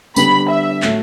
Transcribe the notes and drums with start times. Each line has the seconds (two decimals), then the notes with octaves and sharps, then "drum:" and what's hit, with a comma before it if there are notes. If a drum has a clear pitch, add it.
0.16 D3 G3 B3 D4 G4 B5, drum: tambourine
0.49 E5
0.82 A2 F#3 A3, drum: clap